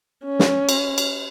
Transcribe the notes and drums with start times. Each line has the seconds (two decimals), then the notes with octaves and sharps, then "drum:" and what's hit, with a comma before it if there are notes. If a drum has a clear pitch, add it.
0.25 C#4
0.39 drum: snare
0.69 drum: cymbal
0.98 drum: cymbal